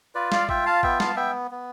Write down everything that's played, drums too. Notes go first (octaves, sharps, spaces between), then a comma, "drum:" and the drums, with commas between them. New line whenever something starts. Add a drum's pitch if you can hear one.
F4 B4 D5
D5 F5, drum: snare
F4 E5 G5, drum: kick A1
F5 A5
B3 E5 G5, drum: kick A1
F5 A5, drum: snare
B3 E5 G5
B3